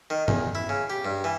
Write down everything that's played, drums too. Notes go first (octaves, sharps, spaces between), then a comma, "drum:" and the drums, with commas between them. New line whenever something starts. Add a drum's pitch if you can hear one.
D#3
E2, drum: tom G2
E4
C#3
G4
G2
E3